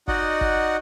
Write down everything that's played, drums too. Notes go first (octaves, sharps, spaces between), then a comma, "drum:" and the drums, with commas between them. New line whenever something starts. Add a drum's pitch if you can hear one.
D#4 F#4 D5 D#5 F#5, drum: kick G1
drum: kick G1